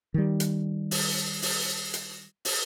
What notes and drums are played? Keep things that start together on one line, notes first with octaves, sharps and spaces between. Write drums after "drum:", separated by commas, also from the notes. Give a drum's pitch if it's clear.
D#3 G3
drum: hi-hat
drum: open hi-hat
drum: open hi-hat
drum: hi-hat
drum: open hi-hat